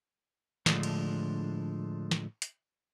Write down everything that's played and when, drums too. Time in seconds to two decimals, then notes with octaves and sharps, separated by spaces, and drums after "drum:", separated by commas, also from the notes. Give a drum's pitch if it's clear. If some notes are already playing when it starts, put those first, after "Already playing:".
0.66 A2 D3 F3 G#3 A3 D4, drum: snare
0.83 drum: cymbal
2.11 drum: snare
2.42 drum: hi-hat